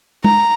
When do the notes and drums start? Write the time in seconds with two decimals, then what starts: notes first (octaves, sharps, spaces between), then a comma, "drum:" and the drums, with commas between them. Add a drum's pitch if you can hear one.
0.24 A#5, drum: tom G#3